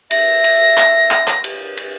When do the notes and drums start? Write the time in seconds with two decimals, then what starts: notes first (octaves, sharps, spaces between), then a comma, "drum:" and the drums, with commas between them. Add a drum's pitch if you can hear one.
0.11 E5 A#6, drum: cymbal
0.44 drum: cymbal
0.77 drum: clap
1.11 drum: clap
1.27 drum: clap
1.44 drum: cymbal
1.77 drum: cymbal